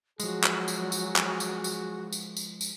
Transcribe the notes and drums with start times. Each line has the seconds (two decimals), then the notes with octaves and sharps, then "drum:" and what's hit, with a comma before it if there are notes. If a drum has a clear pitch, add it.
0.20 F3 F#3 G#3 F#4 G#4, drum: tambourine
0.44 drum: clap
0.68 drum: tambourine
0.92 drum: tambourine
1.16 drum: clap
1.40 drum: tambourine
1.64 drum: tambourine
2.12 drum: tambourine
2.37 drum: tambourine
2.61 drum: tambourine